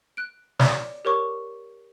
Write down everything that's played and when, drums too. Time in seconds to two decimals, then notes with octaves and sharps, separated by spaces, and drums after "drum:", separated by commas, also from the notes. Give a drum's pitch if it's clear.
0.17 F#6 D7
0.59 C#5 D5 D6, drum: snare
1.05 G4 A#4 C#5 C#6 D6